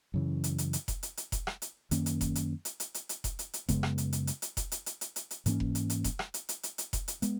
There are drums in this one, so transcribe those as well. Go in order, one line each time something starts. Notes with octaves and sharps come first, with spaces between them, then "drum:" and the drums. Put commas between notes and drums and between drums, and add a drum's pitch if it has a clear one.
F#2 C#3 E3
drum: hi-hat
drum: hi-hat
drum: hi-hat
drum: kick F1, hi-hat
drum: hi-hat
drum: hi-hat
drum: kick F1, hi-hat
drum: rim click
drum: hi-hat
F#2 D#3 A#3 C#4, drum: hi-hat
drum: hi-hat
drum: kick F1, hi-hat
drum: hi-hat
drum: hi-hat
drum: hi-hat
drum: hi-hat
drum: hi-hat
drum: kick F1, hi-hat
drum: hi-hat
drum: hi-hat
F#2 C#3 G#3 B3, drum: kick F1, hi-hat
drum: rim click
drum: hi-hat
drum: hi-hat
drum: hi-hat
drum: hi-hat
drum: kick F1, hi-hat
drum: hi-hat
drum: hi-hat
drum: hi-hat
drum: hi-hat
drum: hi-hat
G#2 E3 A#3 C#4, drum: hi-hat
drum: kick F1
drum: hi-hat
drum: hi-hat
drum: kick F1, hi-hat
drum: rim click
drum: hi-hat
drum: hi-hat
drum: hi-hat
drum: hi-hat
drum: kick F1, hi-hat
drum: hi-hat
G#3 B3, drum: hi-hat